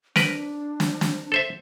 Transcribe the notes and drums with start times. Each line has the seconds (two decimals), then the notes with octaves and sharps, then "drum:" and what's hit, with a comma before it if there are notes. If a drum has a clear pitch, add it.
0.16 D4 A#4 B4, drum: snare
0.80 drum: snare
1.01 drum: snare
1.32 A4 C5 E5